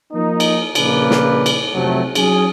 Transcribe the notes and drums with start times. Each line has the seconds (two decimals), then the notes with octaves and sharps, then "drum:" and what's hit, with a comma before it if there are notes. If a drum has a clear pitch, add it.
0.13 F3 A#3 D#4
0.40 drum: cymbal
0.75 A#1 C#3 A#3 B4 D5, drum: cymbal
1.11 drum: snare
1.46 drum: cymbal
1.74 F2 C3 F#3 A3
2.15 F#3 C#4 G#4, drum: cymbal